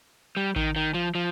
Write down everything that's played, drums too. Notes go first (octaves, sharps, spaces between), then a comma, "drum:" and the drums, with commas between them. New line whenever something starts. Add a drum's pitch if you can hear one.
G3
D#3, drum: kick A1
D#3
F3
F3